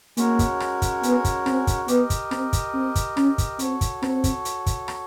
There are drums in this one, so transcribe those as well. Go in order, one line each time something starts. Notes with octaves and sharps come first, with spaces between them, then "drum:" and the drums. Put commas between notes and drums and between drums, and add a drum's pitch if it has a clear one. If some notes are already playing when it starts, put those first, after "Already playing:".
G#3 A#3 C#4 F#4 A#4 C#5, drum: hi-hat
drum: kick, hi-hat
drum: rim click
drum: kick, hi-hat
B3, drum: hi-hat
drum: kick, hi-hat
C4, drum: rim click
drum: kick, hi-hat
B3 G4 A#4 D#5, drum: hi-hat
drum: kick, hi-hat
C4, drum: rim click
drum: kick, hi-hat
C4
drum: kick, hi-hat
C#4, drum: rim click
drum: kick, hi-hat
C4 F#4 A4 C#5, drum: hi-hat
drum: kick, hi-hat
C4, drum: rim click
drum: kick, hi-hat
drum: hi-hat
drum: kick, hi-hat
drum: rim click